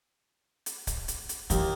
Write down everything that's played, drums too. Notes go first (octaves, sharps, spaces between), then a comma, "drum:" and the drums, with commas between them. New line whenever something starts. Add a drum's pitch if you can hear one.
drum: hi-hat
drum: kick C#1, hi-hat
drum: hi-hat
drum: hi-hat
D#2 E3, drum: hi-hat